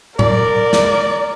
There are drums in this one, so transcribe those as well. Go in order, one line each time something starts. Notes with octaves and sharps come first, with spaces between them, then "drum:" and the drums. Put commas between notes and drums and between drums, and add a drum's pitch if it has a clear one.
A#4 D5, drum: tom A2
drum: snare